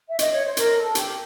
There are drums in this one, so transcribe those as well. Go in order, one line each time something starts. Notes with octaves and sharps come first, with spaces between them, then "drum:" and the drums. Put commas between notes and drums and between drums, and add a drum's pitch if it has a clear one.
E5
D#5, drum: hi-hat
C#5
C5
A#4, drum: hi-hat
A4
G4, drum: hi-hat